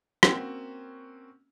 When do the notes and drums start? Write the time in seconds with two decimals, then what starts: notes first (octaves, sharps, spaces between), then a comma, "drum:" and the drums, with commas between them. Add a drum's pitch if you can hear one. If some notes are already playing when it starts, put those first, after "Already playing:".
0.23 A#3 C4 C#4 F#4, drum: rim click